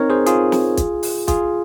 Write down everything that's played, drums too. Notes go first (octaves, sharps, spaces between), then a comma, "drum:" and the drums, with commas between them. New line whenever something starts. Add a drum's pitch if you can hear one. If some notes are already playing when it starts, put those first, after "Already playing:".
Already playing: C4 D#4 A#4 C#5
G#4 C5
F4 G#4, drum: hi-hat
drum: snare
drum: kick, hi-hat
drum: open hi-hat
F4 G#4, drum: kick, hi-hat